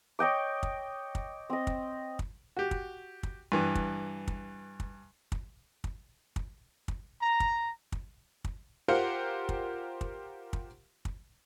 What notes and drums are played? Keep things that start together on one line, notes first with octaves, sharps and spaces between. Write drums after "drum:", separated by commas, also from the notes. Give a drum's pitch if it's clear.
C#5 D#5 G5 D6
drum: kick
drum: kick
C4 D#5
drum: kick
drum: kick
F#4 G4
drum: kick
drum: kick
G2 E3
drum: kick
drum: kick
drum: kick
drum: kick
drum: kick
drum: kick
drum: kick
A#5
drum: kick
drum: kick
drum: kick
F4 G4 A#4 C5 F5 F#5
drum: kick
drum: kick
drum: kick
drum: kick